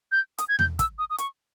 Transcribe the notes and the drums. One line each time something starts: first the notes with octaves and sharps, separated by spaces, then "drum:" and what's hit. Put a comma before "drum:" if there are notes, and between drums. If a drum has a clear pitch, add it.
G6
D#6, drum: hi-hat
G#6
G6, drum: tom E2
E6, drum: kick, hi-hat
D#6
D#6
C#6, drum: hi-hat